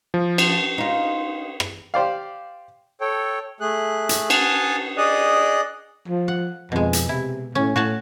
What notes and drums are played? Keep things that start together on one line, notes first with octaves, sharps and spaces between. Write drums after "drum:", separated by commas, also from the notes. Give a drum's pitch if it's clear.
F3
drum: cymbal
D#4 F4
drum: rim click
G4 C5 D5 F5
A4 C#5 G5
A3 G#4 F#6
drum: hi-hat
F#5 G#5 A5 D#6, drum: cymbal
G#4 D5 D#5 D#6 F#6
F3
F#5
F2 B2 G#3
drum: hi-hat
C3 E4
A2 C#4
A2 F#4 C#5 A5